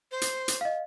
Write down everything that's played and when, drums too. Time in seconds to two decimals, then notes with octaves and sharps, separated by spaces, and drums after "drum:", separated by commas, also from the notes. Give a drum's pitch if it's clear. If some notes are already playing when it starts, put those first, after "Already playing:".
0.12 C5
0.21 drum: hi-hat
0.48 drum: hi-hat
0.61 D#5 F5